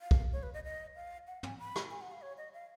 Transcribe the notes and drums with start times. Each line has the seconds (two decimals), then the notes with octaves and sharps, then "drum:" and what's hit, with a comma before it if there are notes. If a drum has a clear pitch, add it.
0.01 F5
0.11 drum: kick
0.33 C#5
0.43 B4
0.54 D#5
0.64 D#5
0.96 F5
1.27 F#5
1.43 G#5, drum: tom
1.59 B5
1.76 drum: rim click
1.91 G#5
2.01 F#5
2.12 F5
2.22 C#5
2.38 D#5
2.54 F5